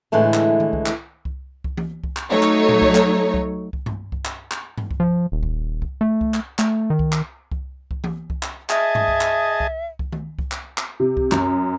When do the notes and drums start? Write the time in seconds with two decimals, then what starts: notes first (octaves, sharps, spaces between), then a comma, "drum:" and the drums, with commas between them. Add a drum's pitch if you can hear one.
0.12 A2 D3 E3 G#3 A3
0.34 drum: clap
0.60 drum: tom D#3
0.73 drum: kick C2
0.86 drum: clap
1.25 drum: kick C2
1.64 drum: kick C2
1.77 drum: tom E3
2.04 drum: kick C2
2.17 drum: clap
2.30 F#3 A3 D#4 C#5
2.43 drum: clap
2.69 drum: tom A#2
2.82 drum: kick C2
2.95 drum: clap
3.34 drum: kick C2
3.73 drum: kick C2
3.86 drum: tom G2
4.12 drum: kick C2
4.25 drum: clap
4.51 drum: clap
4.78 drum: tom G2
4.91 drum: kick C2
5.00 F3
5.32 D#1
5.43 drum: kick C2
5.82 drum: kick C2
6.01 A3
6.21 drum: kick C2
6.34 drum: clap
6.59 A3, drum: clap
6.90 D#3
6.99 drum: kick C2
7.12 drum: clap
7.52 drum: kick C2
7.91 drum: kick C2
8.04 drum: tom E3
8.30 drum: kick C2
8.43 drum: clap
8.70 G#4 D#5 E5 A5, drum: clap
8.95 drum: tom G2
9.08 drum: kick C2
9.21 drum: clap
9.60 drum: kick C2
9.99 drum: kick C2
10.12 drum: tom D#3
10.39 drum: kick C2
10.52 drum: clap
10.78 drum: clap
11.00 C3
11.17 drum: kick C2
11.32 F#2, drum: clap